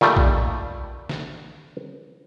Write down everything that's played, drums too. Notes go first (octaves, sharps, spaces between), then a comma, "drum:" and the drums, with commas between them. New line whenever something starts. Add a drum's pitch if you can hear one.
A#2 D#3 G3 A3, drum: snare
drum: kick A#1
drum: snare